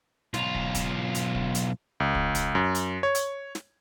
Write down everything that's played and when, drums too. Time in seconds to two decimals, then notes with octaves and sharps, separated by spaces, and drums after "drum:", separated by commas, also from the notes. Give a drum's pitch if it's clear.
0.34 B1 F4, drum: snare
0.55 drum: kick
0.75 drum: kick, hi-hat
1.15 drum: hi-hat
1.35 drum: kick
1.55 drum: hi-hat
2.00 C#2
2.15 drum: kick
2.35 drum: kick, hi-hat
2.55 F#2
2.75 drum: hi-hat
3.03 C#5
3.15 drum: hi-hat
3.55 drum: snare